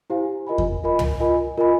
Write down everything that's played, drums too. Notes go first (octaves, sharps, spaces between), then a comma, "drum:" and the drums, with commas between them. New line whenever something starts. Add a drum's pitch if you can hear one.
E4 G4 C5 F5 G#5
F4 A#4 D#5 G#5 B5
drum: kick E2
F4 A#4 D#5 G#5 B5
drum: tom
F4 A#4 D#5 G#5 B5
F4 A#4 D#5 G#5 B5